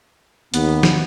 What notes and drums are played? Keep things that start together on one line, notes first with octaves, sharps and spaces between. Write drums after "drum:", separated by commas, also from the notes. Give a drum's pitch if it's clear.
D#2 B3, drum: hi-hat
drum: snare